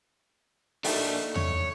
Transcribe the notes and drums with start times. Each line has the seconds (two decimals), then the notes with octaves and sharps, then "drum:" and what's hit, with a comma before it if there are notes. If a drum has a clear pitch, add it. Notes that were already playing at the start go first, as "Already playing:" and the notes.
0.84 A3 A#3 D4 D#4, drum: open hi-hat
1.36 C#5, drum: tom E2